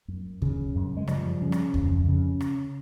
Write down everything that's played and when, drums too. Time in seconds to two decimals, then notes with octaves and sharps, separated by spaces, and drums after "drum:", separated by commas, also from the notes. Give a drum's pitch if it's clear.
0.08 F#2
0.42 C#3, drum: kick D2
0.75 F#2
0.97 G#3
1.08 C#3 F3 G3, drum: rim click
1.41 C#3
1.52 drum: rim click
1.74 F2, drum: kick D2
2.08 C#3
2.41 drum: rim click